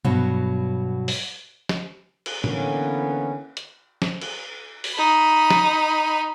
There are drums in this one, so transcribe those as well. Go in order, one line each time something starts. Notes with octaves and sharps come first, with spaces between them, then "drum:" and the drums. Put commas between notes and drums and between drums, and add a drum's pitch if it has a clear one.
G2 B2 F#3, drum: tom
drum: open hi-hat
drum: snare
drum: cymbal
D3 E3 A#3 B3 C#4, drum: tom A2
drum: hi-hat
drum: snare
drum: cymbal
drum: open hi-hat
D#4 B5
drum: snare